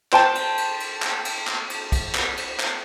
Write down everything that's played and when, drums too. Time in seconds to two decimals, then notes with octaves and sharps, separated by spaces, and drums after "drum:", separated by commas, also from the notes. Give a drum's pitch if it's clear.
0.13 C5 G5 A5, drum: clap
0.35 drum: cymbal
0.58 drum: cymbal
0.80 drum: cymbal
1.02 drum: clap
1.25 drum: cymbal
1.47 drum: clap
1.70 drum: cymbal
1.92 drum: kick, cymbal
2.15 drum: clap
2.37 drum: cymbal
2.60 drum: clap